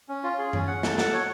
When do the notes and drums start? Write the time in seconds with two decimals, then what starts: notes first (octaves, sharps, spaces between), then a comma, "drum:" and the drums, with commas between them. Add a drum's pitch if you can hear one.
0.09 C#4
0.24 F4
0.39 G#4
0.53 C#4, drum: tom F#2
0.68 F#5
0.83 A4, drum: snare
0.98 F#5, drum: snare
1.13 C#5